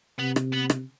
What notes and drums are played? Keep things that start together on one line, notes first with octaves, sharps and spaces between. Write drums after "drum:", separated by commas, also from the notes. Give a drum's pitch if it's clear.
C3 B3
drum: rim click
B3
drum: rim click